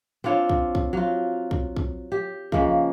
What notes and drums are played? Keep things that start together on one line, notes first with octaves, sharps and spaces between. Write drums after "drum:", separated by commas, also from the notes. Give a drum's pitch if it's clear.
C4 D4 F4 C#5
drum: kick
drum: kick
F#3 F4
drum: kick
drum: kick
G4
C#3 F3 G#3 A#3, drum: kick